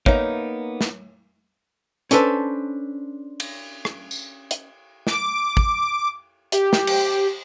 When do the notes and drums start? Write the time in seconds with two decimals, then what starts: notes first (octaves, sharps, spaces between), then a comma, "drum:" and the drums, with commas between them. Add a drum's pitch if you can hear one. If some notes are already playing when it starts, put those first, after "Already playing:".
0.06 A#3 B3 D#4 C#5 E5 F5, drum: kick
0.81 drum: snare
2.11 C#4 D4 A4 B4 C5, drum: hi-hat
3.40 drum: cymbal
3.85 drum: rim click
4.11 drum: tambourine
4.51 drum: hi-hat
5.07 D6, drum: snare
5.57 drum: kick
6.52 G4, drum: hi-hat
6.73 drum: snare
6.87 drum: cymbal